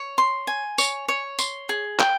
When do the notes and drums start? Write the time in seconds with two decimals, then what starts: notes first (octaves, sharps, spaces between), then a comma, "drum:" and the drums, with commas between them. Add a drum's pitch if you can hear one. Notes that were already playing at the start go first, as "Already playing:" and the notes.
Already playing: C#5
0.18 C6
0.47 G#5
0.78 C#5, drum: tambourine
1.08 C#5
1.39 C6, drum: tambourine
1.69 G#4
1.99 G5, drum: clap